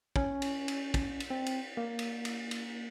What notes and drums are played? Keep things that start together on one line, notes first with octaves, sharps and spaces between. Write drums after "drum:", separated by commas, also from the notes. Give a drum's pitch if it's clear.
C#4, drum: kick
drum: cymbal
drum: cymbal
drum: kick, cymbal
drum: cymbal
C4
drum: cymbal
A#3
drum: cymbal
drum: cymbal
drum: cymbal